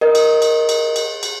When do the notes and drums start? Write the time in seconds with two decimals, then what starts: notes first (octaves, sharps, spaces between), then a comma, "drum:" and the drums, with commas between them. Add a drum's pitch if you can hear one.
0.01 A#4 D#5
0.15 drum: cymbal
0.42 drum: cymbal
0.69 drum: cymbal
0.96 drum: cymbal
1.23 drum: cymbal